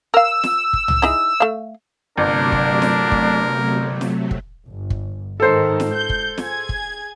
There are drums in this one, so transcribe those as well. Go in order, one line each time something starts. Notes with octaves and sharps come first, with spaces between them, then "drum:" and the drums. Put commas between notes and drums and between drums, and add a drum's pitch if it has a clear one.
A#4 F5 E6
drum: snare
drum: kick
drum: tom
D#4 E4 G#4, drum: snare
A3 F5
G1 C3 F#3 A3 D4 A#4
drum: kick
drum: snare
drum: kick
drum: snare
drum: kick
G1
drum: kick
G#2 D#3 A4 C5
drum: snare
G6
drum: kick
G#4 G#6, drum: snare
drum: kick